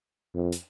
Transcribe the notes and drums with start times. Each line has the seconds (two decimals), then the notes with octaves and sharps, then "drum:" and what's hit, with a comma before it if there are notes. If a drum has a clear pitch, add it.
0.35 F2
0.52 drum: hi-hat